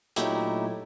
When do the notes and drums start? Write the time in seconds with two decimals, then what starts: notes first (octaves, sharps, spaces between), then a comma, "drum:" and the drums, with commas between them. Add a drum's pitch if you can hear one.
0.16 A#2 F#3 A3 D#4 E4 G4, drum: hi-hat